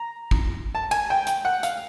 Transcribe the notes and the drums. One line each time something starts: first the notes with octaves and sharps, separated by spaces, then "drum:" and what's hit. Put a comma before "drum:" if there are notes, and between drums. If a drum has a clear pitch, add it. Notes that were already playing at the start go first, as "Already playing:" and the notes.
Already playing: A#5
drum: kick
A5
G#5, drum: cymbal
G5
G5, drum: hi-hat
F#5
F5, drum: hi-hat